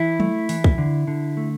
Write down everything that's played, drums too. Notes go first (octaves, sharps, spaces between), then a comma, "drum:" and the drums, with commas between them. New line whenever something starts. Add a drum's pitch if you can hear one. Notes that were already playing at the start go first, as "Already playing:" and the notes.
Already playing: E3 E4
A3, drum: tom F#3
E3, drum: open hi-hat
drum: kick C2
D3
D3
A3